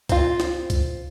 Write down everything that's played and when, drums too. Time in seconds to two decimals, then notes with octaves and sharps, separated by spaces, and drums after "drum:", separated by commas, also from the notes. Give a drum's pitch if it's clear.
0.09 C4 F4, drum: kick, hi-hat
0.40 drum: snare
0.70 drum: kick, hi-hat